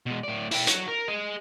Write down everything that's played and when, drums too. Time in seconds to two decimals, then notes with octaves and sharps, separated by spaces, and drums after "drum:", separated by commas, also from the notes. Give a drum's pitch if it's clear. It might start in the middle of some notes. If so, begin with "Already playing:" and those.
0.06 B2 G#3
0.23 A2 D5
0.51 E4 G5, drum: open hi-hat
0.67 F#4 C#5, drum: hi-hat
0.88 A#4
1.08 G#4 D#5